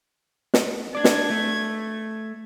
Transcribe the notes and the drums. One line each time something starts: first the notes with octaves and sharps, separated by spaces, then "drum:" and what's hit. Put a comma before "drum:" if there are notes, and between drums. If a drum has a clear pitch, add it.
drum: snare
D4 D5 G#6
drum: snare
A3